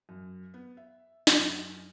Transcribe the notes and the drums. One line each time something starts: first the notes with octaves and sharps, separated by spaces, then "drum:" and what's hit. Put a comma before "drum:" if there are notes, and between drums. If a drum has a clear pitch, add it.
F#2
B3
E5
F#2, drum: snare